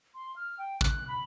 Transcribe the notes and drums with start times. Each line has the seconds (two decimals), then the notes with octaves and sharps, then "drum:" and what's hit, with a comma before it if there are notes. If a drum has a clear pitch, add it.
0.14 C6
0.36 F6
0.59 G5
0.81 F#6, drum: kick
1.08 B5